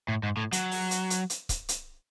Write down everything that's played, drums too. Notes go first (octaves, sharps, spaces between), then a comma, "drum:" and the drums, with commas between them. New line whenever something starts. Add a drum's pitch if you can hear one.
A2
G#2
A2
F#3, drum: hi-hat
drum: open hi-hat
drum: hi-hat
drum: hi-hat
drum: hi-hat
drum: kick, hi-hat
drum: hi-hat